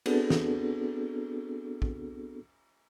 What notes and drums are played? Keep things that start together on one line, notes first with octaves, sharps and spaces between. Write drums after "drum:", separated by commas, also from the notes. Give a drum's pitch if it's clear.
B3 C4 D4 F#4 G#4 A4, drum: cymbal
drum: snare
drum: kick